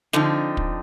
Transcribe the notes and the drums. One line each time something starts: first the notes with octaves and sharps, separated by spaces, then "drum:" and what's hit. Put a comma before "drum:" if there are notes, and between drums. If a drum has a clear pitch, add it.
D3 F3 C4 D#4, drum: snare
drum: kick